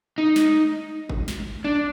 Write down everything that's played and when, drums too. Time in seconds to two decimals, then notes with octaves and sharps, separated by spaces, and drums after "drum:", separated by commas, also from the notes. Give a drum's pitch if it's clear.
0.18 D#4
0.36 drum: snare
1.10 drum: kick G1
1.28 drum: snare
1.64 D4